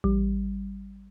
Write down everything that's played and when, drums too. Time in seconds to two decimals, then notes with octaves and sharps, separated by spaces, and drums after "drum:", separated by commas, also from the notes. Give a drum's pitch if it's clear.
0.04 G3, drum: kick A1